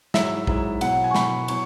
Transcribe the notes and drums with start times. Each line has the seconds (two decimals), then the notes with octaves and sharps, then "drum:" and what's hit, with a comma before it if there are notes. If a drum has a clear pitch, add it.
0.14 G#2 F#3 E4 E5, drum: snare
0.47 G#2 F#3 E4, drum: kick A#1
0.81 B2 F#3 E4 F#5, drum: cymbal
1.04 G#5
1.11 C#6
1.15 B2 F#3 E4 B5, drum: snare
1.48 F#3 B3 E4 C#6, drum: cymbal